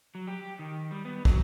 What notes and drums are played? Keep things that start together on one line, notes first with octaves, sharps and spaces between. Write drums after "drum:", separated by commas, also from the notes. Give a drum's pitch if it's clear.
F#3
G4
D#3
G3
B3
F#3, drum: kick